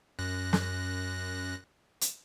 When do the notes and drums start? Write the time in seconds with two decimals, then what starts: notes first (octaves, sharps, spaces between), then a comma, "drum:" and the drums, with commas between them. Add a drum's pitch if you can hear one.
0.19 F#2 F#6 A#6
0.53 drum: snare
2.01 drum: hi-hat